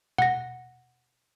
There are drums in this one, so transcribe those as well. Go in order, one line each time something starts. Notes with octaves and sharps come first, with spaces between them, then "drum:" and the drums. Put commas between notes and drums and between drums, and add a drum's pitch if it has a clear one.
F#5 A#6, drum: tom B2